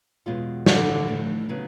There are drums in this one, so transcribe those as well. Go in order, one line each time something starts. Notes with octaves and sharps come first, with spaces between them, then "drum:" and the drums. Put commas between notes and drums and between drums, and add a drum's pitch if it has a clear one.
E2 B2 G#3 C#4 F4
A2 D3 E3 A3, drum: snare
A2 E3 A3
C#3 F#3 B3